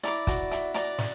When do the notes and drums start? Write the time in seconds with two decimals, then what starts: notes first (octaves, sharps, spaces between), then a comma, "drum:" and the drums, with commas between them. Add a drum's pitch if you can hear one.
0.03 E4 D5 A#5 D6, drum: hi-hat
0.27 F#4, drum: kick, hi-hat
0.51 E5, drum: hi-hat
0.74 D5 A#5 D6, drum: hi-hat
0.98 drum: snare